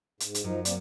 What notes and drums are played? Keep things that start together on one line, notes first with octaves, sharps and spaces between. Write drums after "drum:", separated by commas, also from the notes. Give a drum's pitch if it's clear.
G#2, drum: hi-hat
drum: hi-hat
F#2 F3 D#4
A#3 C4 D5, drum: hi-hat